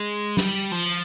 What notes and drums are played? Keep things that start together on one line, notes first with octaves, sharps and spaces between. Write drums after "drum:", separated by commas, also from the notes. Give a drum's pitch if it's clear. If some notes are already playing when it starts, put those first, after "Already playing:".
Already playing: G#3
G3, drum: snare
F3